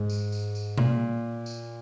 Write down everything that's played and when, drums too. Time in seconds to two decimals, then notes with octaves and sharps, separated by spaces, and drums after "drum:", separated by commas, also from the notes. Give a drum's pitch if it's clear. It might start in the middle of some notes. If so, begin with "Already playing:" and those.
Already playing: G#2
0.10 drum: tambourine
0.32 drum: tambourine
0.55 drum: tambourine
0.78 A#2, drum: tom B2
1.46 drum: tambourine